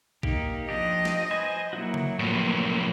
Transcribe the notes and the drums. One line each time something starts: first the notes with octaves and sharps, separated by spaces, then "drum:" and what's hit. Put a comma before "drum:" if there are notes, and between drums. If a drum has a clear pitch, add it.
A#3 D#4 G4, drum: kick A#1
F3 D4 G4 D#5
drum: snare
B4 C5 G#5
F#3 A#3 E4 F#4
drum: tom C#3
A2 F3 A#3 B4